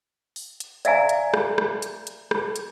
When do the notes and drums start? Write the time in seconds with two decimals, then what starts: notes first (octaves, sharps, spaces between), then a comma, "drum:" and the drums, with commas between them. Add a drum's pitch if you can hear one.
0.36 drum: open hi-hat
0.60 drum: hi-hat
0.85 D5 E5 F5 G#5 A#5, drum: hi-hat
1.09 drum: hi-hat
1.34 drum: rim click
1.58 drum: rim click
1.82 drum: hi-hat
2.07 drum: hi-hat
2.31 drum: rim click
2.56 drum: hi-hat